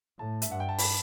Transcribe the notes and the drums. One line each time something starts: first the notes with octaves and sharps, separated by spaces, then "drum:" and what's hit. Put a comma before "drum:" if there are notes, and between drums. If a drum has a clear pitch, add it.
A2 A5
E5, drum: hi-hat
G2 F#5
G5
A5
B5, drum: open hi-hat